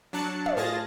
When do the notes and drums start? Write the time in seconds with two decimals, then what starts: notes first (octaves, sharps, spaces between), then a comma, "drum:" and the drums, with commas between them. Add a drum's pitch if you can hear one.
0.13 F#3 D4 A5 F#6 C#7
0.46 drum: tom
0.56 A2 F4 G#4 A5 A6 A#6